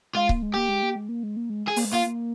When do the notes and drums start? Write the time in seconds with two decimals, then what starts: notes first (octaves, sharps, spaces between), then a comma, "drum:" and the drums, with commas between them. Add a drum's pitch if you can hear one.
0.15 G#3 F4
0.29 A#3, drum: kick C#1
0.42 G#3
0.54 A#3 G4
0.69 G#3
0.83 A#3
0.96 G#3
1.09 A#3
1.23 G#3
1.37 A#3
1.50 G#3
1.68 G#4
1.76 A#3, drum: open hi-hat
1.85 G#3
1.92 A#3 F4
2.06 A#3